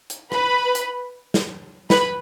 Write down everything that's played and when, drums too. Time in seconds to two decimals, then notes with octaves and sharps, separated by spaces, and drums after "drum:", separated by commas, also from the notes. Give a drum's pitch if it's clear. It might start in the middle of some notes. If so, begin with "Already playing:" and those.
0.10 drum: hi-hat
0.32 B4 B5, drum: rim click
0.75 drum: hi-hat
1.34 drum: snare
1.90 B4 B5, drum: snare